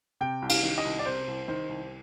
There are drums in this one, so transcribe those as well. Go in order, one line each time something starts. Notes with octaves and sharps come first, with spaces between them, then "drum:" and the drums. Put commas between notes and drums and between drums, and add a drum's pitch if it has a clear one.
C3 G5
C2
F5, drum: cymbal
D#3
D#5
C2
D5
C3 C5
C2
D#3 C5
C2